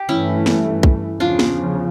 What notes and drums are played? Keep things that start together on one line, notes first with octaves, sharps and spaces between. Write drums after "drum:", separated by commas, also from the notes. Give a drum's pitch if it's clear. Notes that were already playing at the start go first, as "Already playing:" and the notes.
Already playing: G4
G2 E3 A3 C#4 E4
drum: snare
drum: kick B1
E2 C#3 F3 D4 F4
drum: snare